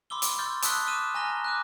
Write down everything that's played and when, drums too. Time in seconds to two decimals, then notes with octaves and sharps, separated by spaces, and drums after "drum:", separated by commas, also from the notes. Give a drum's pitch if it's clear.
0.10 B5 C6 D6 E6 G7
0.22 drum: hi-hat
0.39 C6 C#6 E6 F6 G6 A6
0.62 A5 D#6 E6 F#6 B6 G7, drum: hi-hat
0.87 D6 E6 F6 D#7 E7
1.15 G#5 A#5 F6 A#6 G7
1.44 D6 F6 F#6